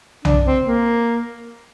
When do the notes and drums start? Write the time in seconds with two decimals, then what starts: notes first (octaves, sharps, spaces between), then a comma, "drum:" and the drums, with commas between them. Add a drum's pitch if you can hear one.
0.25 D4, drum: tom B1
0.45 C4
0.65 A#3